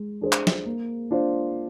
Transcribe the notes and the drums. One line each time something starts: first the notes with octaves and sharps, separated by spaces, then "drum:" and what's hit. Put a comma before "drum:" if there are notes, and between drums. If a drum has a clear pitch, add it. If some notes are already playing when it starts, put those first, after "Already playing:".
Already playing: G#3
D4 G#4 C5
drum: clap
drum: snare
A#3
D4 F4 C5